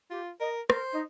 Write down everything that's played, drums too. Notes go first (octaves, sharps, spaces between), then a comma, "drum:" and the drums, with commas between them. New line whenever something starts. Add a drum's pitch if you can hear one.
F4 G4
A#4 D#5
A#4 C5, drum: rim click
D#4